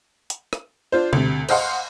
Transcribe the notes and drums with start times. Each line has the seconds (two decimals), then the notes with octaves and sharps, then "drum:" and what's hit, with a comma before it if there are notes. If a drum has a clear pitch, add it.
0.30 drum: hi-hat
0.53 drum: rim click
0.92 D4 F4 C5
1.13 D2 C3, drum: tom B2
1.49 C5 D#5 F5 F#5 C6, drum: cymbal